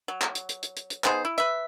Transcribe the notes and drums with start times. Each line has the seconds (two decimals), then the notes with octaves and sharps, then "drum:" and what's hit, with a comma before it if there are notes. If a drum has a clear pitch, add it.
0.08 F#3
0.22 drum: clap
0.35 drum: hi-hat
0.49 drum: hi-hat
0.63 drum: hi-hat
0.77 drum: hi-hat
0.90 drum: hi-hat
1.04 B3 D#4 G#4 C5, drum: clap
1.25 E4
1.38 B4 E5